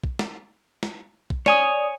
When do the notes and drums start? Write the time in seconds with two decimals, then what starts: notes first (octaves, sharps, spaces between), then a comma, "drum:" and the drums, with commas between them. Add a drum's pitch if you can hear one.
0.04 drum: kick
0.19 drum: snare
0.83 drum: snare
1.30 drum: kick
1.46 C#5 D5 G#5 D#6, drum: snare